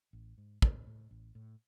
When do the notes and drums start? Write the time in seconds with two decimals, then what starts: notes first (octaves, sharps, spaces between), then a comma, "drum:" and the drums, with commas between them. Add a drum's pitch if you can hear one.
0.13 A1
0.38 G#2
0.62 A1, drum: kick
0.87 A2
1.11 A1
1.35 A2